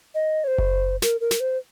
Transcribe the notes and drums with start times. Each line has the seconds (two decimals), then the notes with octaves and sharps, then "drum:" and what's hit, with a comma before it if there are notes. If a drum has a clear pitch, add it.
0.15 D#5
0.44 C#5
0.47 C5
0.58 drum: kick F#1
1.02 A#4, drum: snare
1.21 A#4
1.31 drum: snare
1.40 C5